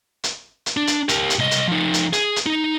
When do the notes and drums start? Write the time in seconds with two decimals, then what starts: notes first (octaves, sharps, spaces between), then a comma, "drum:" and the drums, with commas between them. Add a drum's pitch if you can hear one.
0.24 drum: hi-hat
0.66 drum: hi-hat
0.77 D4
0.87 drum: hi-hat
1.09 G4 A#4, drum: hi-hat
1.30 drum: hi-hat
1.39 C2 D#5
1.51 drum: hi-hat
1.68 F3 D#4
1.94 drum: hi-hat
2.13 G#4, drum: hi-hat
2.36 drum: hi-hat
2.46 D#4